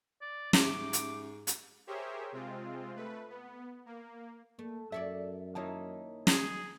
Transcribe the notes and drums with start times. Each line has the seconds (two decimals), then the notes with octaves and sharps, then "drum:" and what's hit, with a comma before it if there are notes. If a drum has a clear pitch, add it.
0.21 D5
0.53 G#2 C#4 G4 E5 D6, drum: snare
0.93 drum: hi-hat
1.47 drum: hi-hat
1.87 G4 G#4 A#4 C5 C#5 E5
2.32 C3 G#3 C4 F4
2.96 A3 B4
3.30 B3
3.86 A#3
4.59 A3 A#3
4.92 F#2 A4 C#5 D5 E5
5.55 D#3 A#3 D#4 E4 C#5 A5
6.27 F#3 G#4, drum: snare